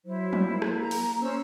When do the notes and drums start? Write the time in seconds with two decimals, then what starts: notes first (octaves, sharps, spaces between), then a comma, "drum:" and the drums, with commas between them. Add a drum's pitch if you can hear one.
0.05 F#3 E4 C5
0.33 drum: tom F3
0.48 A#3
0.62 drum: rim click
0.78 A#5
0.91 drum: open hi-hat
1.20 C#4 C5 E6